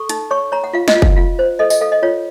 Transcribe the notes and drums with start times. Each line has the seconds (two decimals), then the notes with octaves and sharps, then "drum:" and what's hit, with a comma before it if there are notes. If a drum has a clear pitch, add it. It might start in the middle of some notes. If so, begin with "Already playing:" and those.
Already playing: A4 C#6
0.09 D#4, drum: hi-hat
0.31 C#5 C#6
0.52 C#5 A#5
0.64 F#5
0.73 F4 F5
0.88 D#5, drum: snare
0.95 F4
1.02 F5, drum: kick
1.16 F4 F5
1.39 C5
1.59 A4 D#5
1.70 D#5, drum: tambourine
1.81 A4 F5
1.92 D#5
2.03 F4 C#5